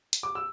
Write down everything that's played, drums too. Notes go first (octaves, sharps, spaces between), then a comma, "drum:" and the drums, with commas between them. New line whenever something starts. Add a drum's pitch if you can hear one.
drum: hi-hat
D6
E6